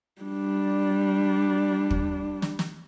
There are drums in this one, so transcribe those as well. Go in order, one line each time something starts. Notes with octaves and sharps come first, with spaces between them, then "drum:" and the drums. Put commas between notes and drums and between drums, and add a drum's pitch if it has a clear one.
G3 D4
drum: kick
drum: snare
drum: snare